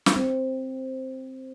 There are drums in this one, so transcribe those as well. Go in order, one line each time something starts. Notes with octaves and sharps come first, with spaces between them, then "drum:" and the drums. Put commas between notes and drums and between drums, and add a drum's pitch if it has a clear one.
drum: snare
C4